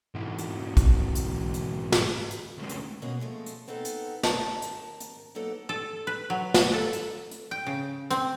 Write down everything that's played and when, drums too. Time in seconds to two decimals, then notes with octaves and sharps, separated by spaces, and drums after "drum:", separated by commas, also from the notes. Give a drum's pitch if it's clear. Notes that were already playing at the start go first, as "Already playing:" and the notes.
0.15 G#2 E3
0.38 drum: hi-hat
0.77 drum: kick, hi-hat
1.15 drum: hi-hat
1.54 drum: hi-hat
1.92 drum: snare
2.31 drum: hi-hat
2.58 D2 G#3
2.69 drum: hi-hat
3.02 B2 G#3 A#3 C#4 G#4
3.20 F3 G#3 A3 A4
3.46 drum: hi-hat
3.68 B3 C4 D#4 A4
3.85 drum: hi-hat
4.23 D#2 G#2 G4 A#4 A5, drum: snare
4.62 drum: hi-hat
5.00 drum: hi-hat
5.35 F#3 A#3 B3 D#4 A4 B4
5.69 A4
6.07 B4
6.30 F#3
6.54 drum: snare
6.73 A4
6.93 drum: hi-hat
7.31 drum: hi-hat
7.51 G5
7.67 C#3
8.10 C4, drum: hi-hat